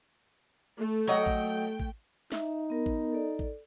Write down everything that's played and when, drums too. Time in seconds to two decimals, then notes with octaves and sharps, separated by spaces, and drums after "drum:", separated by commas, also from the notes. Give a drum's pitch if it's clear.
0.76 A3
1.07 F#3 A3 D#5 F#5 G5
1.26 drum: kick A1
1.80 drum: kick A1
2.32 D#4 E5, drum: snare
2.70 B3 A#4
2.86 drum: kick A1
3.13 A4 D5
3.39 drum: kick A1